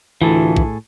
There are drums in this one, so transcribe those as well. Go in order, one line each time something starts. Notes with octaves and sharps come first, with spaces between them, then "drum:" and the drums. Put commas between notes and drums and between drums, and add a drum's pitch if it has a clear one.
D2 A2 E3 E4 F4 G#4 A4
drum: kick A#1